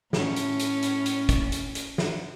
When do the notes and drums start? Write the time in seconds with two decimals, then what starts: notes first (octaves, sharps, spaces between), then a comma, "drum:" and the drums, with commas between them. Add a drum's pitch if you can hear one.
0.13 A2 C#4, drum: snare
0.36 drum: hi-hat
0.59 drum: hi-hat
0.83 drum: hi-hat
1.06 drum: hi-hat
1.29 drum: kick, hi-hat
1.52 drum: hi-hat
1.75 drum: hi-hat
1.98 drum: snare